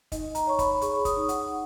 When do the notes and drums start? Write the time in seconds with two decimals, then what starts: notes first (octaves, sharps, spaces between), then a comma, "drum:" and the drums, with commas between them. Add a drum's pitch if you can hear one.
0.12 D#4 D#5, drum: kick, hi-hat
0.35 A#5, drum: hi-hat
0.47 C#5 C#6
0.59 B5, drum: kick, hi-hat
0.81 G#4 C#6, drum: hi-hat
1.05 D#6, drum: kick, hi-hat
1.17 D#4
1.29 F#5, drum: hi-hat